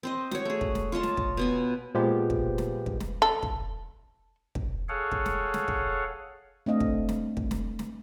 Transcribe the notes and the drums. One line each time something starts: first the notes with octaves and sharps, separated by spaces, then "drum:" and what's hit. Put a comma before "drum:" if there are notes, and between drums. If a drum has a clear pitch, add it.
C4 C5 D#5
F#4 C#5, drum: snare
A3 G#4
drum: kick
drum: snare
F4 C#5 D#5 A5
drum: snare
drum: kick
B2 B3 G#5
A#2 F3 G#3 B3 G4
drum: kick
drum: snare
drum: kick
drum: snare
A4
drum: kick
drum: kick
G#4 A4 C#5 F5 F#5
drum: kick
drum: snare
drum: snare
drum: kick
A3 C4 D4 D#5 F5
drum: kick
drum: snare
drum: kick
drum: snare
drum: snare